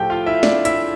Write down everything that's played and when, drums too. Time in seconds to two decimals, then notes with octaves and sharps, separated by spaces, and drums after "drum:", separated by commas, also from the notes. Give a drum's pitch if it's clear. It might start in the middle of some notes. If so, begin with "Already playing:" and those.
Already playing: A2 F3 A3 G4 G5
0.10 F4 F5
0.26 E4 E5
0.43 D4 D5, drum: snare
0.65 E4 E5, drum: hi-hat